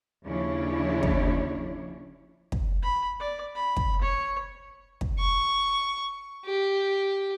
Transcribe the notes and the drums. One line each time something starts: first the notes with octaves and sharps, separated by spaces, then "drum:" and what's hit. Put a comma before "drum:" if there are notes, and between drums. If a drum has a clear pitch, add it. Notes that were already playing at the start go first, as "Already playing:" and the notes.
D#2 C#3 F3 D4 E4 C#5
drum: kick
drum: kick
B5
D5
B5
drum: kick
C#5
drum: kick
C#6
G4